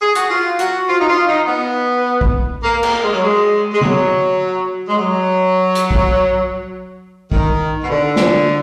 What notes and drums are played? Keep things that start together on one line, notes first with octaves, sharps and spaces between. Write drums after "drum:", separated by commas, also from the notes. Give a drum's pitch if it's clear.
G#4
F#4, drum: hi-hat
F4
F#4, drum: hi-hat
F4
D#4
F4
D#4
B3
drum: kick
A#3
A#3, drum: cymbal
G#3
F#3
G#3
G#3
F#3, drum: tom
G#3
F#3
drum: hi-hat
drum: kick
D#3, drum: kick
B2
D3
drum: snare